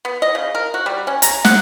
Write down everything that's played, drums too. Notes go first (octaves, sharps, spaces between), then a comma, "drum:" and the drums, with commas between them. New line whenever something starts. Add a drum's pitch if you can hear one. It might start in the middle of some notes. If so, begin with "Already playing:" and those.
B3
D#5
C#3
A#4
F#4
G3
C#4
A#5, drum: hi-hat
F#5, drum: snare